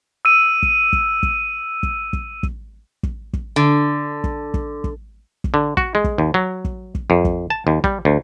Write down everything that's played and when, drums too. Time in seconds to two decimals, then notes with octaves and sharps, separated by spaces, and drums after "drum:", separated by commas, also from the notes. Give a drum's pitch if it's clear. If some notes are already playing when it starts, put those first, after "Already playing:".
0.25 E6 D#7
0.63 drum: kick
0.93 drum: kick
1.23 drum: kick
1.83 drum: kick
2.13 drum: kick
2.43 drum: kick
3.03 drum: kick
3.33 drum: kick
3.56 D3
4.24 drum: kick
4.54 drum: kick
4.84 drum: kick
5.44 drum: kick
5.54 D3
5.77 F#4, drum: kick
5.95 G#3
6.04 drum: kick
6.18 D#2
6.34 F#3
6.65 drum: kick
6.95 drum: kick
7.10 F2
7.25 drum: kick
7.50 A5
7.67 D#2
7.84 G3, drum: kick
8.05 D2